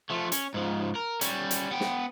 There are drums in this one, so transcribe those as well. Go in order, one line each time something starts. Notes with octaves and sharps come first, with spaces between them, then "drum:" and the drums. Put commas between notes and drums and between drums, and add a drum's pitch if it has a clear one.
F3 A3
C#4, drum: hi-hat
G#2 F3
A#4
G3 C#4, drum: hi-hat
drum: hi-hat
B3 G5
drum: snare